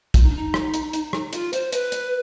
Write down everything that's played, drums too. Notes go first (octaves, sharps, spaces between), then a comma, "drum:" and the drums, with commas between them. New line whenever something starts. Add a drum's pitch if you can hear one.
F4, drum: kick, hi-hat
D#4
D4
D#4
drum: rim click
drum: hi-hat
drum: hi-hat
drum: rim click
F4, drum: hi-hat
C5, drum: hi-hat
B4, drum: hi-hat
drum: hi-hat